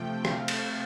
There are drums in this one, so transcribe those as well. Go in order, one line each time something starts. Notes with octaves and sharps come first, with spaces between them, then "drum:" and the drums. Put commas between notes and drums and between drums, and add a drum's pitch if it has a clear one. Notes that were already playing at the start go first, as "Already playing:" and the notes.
Already playing: C3 F3 A3 G5
C3 A3 F5, drum: rim click
drum: cymbal